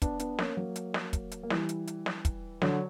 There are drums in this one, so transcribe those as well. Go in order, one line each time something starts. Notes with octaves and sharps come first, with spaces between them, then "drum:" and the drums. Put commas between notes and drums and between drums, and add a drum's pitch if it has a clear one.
B3 D4, drum: kick, hi-hat
B3 D4, drum: hi-hat
A#3 C#4, drum: snare
F#3 A#3
drum: hi-hat
drum: snare
drum: kick, hi-hat
drum: hi-hat
A#3
E3 G3, drum: snare
drum: hi-hat
drum: hi-hat
drum: snare
drum: kick, hi-hat
D3 F#3, drum: snare